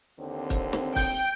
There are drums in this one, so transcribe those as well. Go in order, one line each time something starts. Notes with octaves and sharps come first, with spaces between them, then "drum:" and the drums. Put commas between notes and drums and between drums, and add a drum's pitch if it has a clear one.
D#2 D3 C4
drum: kick, hi-hat
drum: snare
G5 G6, drum: kick, open hi-hat